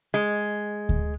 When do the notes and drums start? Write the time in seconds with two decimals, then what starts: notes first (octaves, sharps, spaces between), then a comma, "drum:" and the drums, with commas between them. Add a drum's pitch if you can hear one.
0.14 G#3
0.89 drum: kick D2